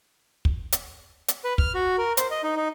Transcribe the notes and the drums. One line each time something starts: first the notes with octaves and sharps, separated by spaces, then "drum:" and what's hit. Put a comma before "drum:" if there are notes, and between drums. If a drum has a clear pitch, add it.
drum: kick
drum: hi-hat
drum: hi-hat
B4
F6, drum: kick
F#4
A#4
C5, drum: hi-hat
D#5
D#4
D#4